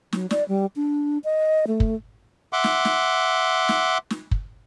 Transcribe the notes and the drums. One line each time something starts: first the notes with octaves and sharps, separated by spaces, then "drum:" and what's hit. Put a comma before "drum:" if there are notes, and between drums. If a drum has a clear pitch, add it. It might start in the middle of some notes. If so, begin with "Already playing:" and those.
F#3, drum: snare
D5, drum: snare
G3
D4
D#5
A3
drum: kick
E5 F#5 C6 D6
drum: snare
drum: snare
drum: snare
drum: snare
drum: kick